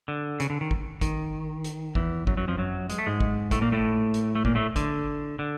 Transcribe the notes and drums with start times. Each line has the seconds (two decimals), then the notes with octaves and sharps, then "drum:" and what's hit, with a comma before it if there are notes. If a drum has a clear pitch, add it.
0.08 D3
0.40 C#3, drum: hi-hat
0.50 D3
0.61 D#3
0.71 drum: kick
1.01 D#3, drum: kick, hi-hat
1.64 drum: hi-hat
1.95 E2 E3, drum: kick
2.27 F#2 F#3, drum: kick
2.37 F#2 F#3
2.48 F2 F3
2.57 F#2 F#3
2.90 G#3, drum: hi-hat
2.98 A3
3.06 G#2 G#3
3.20 drum: kick
3.51 A2 A3, drum: kick, hi-hat
3.61 A#2 A#3
3.72 A2 A3
4.14 drum: hi-hat
4.35 A3
4.45 A#2 A#3, drum: kick
4.55 A2 A3
4.76 D3, drum: kick, hi-hat
5.39 D3